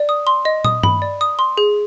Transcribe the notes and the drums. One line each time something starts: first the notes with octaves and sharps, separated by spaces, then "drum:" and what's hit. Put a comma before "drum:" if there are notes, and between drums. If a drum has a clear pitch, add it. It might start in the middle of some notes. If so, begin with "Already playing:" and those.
Already playing: D5
D#6
C6
D#5
D#6, drum: tom
B5, drum: tom G2
D5
D#6
C6
G#4